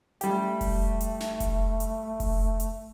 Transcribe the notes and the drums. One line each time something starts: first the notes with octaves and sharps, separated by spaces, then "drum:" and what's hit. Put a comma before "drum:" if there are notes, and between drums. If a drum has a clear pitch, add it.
G3 A3 G4, drum: hi-hat
drum: kick F1, open hi-hat
drum: hi-hat
drum: snare
drum: kick F1, hi-hat
drum: hi-hat
drum: kick F1, open hi-hat
drum: hi-hat